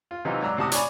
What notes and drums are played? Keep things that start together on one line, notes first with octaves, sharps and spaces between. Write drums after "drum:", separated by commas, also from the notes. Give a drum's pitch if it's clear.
F4
C3 E3 F#3 C4 D#4 F4
G#2 F#3 D5 A#5 E6
A2 C3 F#4 A5 D#6
C#5 D5 G#5 B5, drum: hi-hat